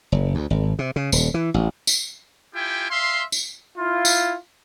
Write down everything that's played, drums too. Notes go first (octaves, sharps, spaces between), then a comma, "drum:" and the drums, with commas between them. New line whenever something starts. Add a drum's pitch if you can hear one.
F#1
D2
G#1
C3
C#3
D#1, drum: tambourine
E3
A1
drum: tambourine
E4 F4 G4 G5 G#5
E5 F5 C6
drum: tambourine
E4 F4
drum: tambourine